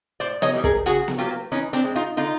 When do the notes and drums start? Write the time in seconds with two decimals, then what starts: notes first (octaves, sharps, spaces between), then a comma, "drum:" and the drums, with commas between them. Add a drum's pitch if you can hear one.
0.20 A2 C5 D5
0.42 C#5 D#5, drum: snare B3
0.53 E3 G3
0.64 G#4 A#4, drum: kick
0.86 C#3 F#4 G#4, drum: hi-hat
1.08 drum: snare B3
1.18 F#3 A#3 F4 G4
1.52 E3 C#4 D#4
1.73 C4 D4, drum: hi-hat
1.84 G#3 C4
1.96 D#4 F4
2.17 D3 D#4 F4